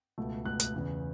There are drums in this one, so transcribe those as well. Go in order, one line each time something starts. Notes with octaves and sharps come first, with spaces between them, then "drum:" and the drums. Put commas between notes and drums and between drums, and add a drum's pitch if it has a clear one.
C#2 B2 A3
C#2 B2 A3 F#6
F#6, drum: hi-hat
E2 C#3 E3